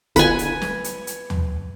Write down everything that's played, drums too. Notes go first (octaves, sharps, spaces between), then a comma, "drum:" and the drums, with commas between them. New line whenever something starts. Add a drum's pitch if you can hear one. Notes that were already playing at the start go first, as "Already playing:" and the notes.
B4 G#5, drum: kick D#1, hi-hat
drum: hi-hat
drum: snare
drum: hi-hat
drum: hi-hat
drum: tom